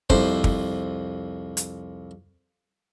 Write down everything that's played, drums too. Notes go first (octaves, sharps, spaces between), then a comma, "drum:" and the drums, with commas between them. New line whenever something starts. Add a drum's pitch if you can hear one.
C2 F2 C5, drum: kick
drum: kick
drum: hi-hat